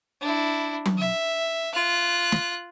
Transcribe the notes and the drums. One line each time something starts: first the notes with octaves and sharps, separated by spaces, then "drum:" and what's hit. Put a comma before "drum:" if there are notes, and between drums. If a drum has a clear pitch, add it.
D4 E4
drum: tom F#3
E5
F4 F#6
drum: snare